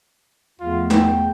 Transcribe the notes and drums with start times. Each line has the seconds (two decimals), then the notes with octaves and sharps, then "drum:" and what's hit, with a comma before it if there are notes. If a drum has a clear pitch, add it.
0.60 E2 F3 A3 F4
0.90 G5, drum: snare